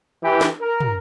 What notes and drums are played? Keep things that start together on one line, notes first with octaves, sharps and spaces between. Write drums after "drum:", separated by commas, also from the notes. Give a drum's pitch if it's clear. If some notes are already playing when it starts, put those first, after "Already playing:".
E3 G4
drum: snare
A#4
drum: tom